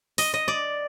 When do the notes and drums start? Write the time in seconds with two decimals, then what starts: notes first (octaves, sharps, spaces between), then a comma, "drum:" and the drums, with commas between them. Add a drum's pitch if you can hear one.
0.18 D#5, drum: open hi-hat
0.34 D#5
0.48 D5